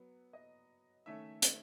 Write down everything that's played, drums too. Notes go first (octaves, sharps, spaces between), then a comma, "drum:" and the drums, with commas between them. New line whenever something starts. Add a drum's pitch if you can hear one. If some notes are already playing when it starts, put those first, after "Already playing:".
Already playing: F#3 B3
D#5
D#3 A3 C#4 E5
drum: hi-hat